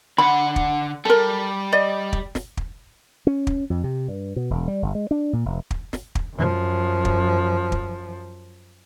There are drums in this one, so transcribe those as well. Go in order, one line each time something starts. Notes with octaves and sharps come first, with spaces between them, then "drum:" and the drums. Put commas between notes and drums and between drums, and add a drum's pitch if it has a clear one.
D3 F#5 B5
drum: kick
G3 A4 A#4
D5 D#5
drum: kick
drum: snare
drum: kick
C#4
drum: kick
F2
C3
G2
B2
E1
G3
G1
G#3
D4
A#2
F1
drum: kick
drum: snare
drum: kick
F#2 F3
drum: kick
drum: kick